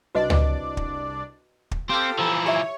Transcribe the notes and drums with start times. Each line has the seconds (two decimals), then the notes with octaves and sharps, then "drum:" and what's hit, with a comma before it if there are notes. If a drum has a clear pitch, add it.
0.15 C2 D4 F#4 B4 D5 D#5
0.30 drum: tom C#2
0.77 drum: kick
1.71 drum: kick
1.89 C4 F4 G4 A4 F5 G5
2.19 E3 F3 E4 A#5 E6
2.46 G4 C#5 E5